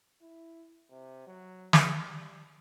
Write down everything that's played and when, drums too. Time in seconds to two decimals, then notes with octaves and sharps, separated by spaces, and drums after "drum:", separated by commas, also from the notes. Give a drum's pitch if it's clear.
0.22 E4
0.91 C3
1.27 F#3
1.73 drum: snare
2.00 G3